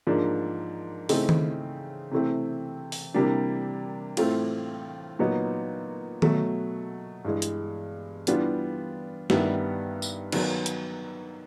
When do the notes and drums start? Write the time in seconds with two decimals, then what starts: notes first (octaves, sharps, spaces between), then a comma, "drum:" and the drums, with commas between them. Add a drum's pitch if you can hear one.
0.07 G#2 F3 A#3 D4
1.09 C#3 E3 A3 C4 D#4, drum: open hi-hat
1.29 drum: tom D#3
2.12 C3 E3 A3 C4
2.92 drum: open hi-hat
3.14 C3 E3 G3 A#3 D4
4.17 A2 E3 A3 C4 F4, drum: cymbal
5.19 A#2 F#3 B3 D#4
6.22 B2 F#3 A3, drum: tom D#3
7.25 G2 E3 G#3
7.42 drum: hi-hat
8.27 E3 G3 B3 D4 F4, drum: hi-hat
9.30 G2 D#3 G3 B3 E4, drum: snare
10.02 drum: tambourine
10.32 D#3 F#3 B3, drum: cymbal
10.66 drum: hi-hat